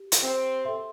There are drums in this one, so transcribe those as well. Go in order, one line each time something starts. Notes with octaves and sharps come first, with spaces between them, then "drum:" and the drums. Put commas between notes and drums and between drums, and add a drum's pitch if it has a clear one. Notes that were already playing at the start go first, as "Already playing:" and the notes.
Already playing: G4
drum: hi-hat
C4
A4 E5 C6